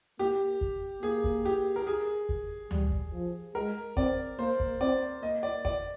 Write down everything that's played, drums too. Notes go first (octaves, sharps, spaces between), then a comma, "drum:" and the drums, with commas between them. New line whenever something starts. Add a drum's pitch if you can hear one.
A#3 G4
drum: kick
A#3 G#4
drum: kick
G4
A#4
G#4
drum: kick
G3, drum: tom D2
drum: kick
F3
G#3 A#4
C4 D5, drum: kick
A#3 C5
drum: kick
C4 D5
A#3 D#5
D5
D5, drum: kick